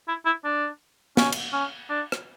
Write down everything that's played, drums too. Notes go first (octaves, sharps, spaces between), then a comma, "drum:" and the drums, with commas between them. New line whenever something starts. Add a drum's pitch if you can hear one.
E4
E4
D4
C#4, drum: snare
drum: cymbal
C#4
D4
drum: rim click